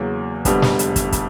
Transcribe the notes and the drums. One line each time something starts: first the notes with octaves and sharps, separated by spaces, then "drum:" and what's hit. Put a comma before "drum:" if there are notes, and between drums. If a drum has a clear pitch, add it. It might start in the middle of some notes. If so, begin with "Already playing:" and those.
Already playing: E2 C#3 F#3 A#3
F1 F2 D3 G3 B3, drum: kick, hi-hat
drum: snare
drum: hi-hat
drum: kick, hi-hat
drum: kick, hi-hat